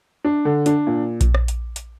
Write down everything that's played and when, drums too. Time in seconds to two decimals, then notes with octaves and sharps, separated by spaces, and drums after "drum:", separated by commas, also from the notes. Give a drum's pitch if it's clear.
0.24 D4
0.45 D3
0.66 D4, drum: hi-hat
0.87 A#2
1.21 drum: kick A#1, hi-hat
1.35 drum: rim click
1.48 drum: hi-hat
1.76 drum: hi-hat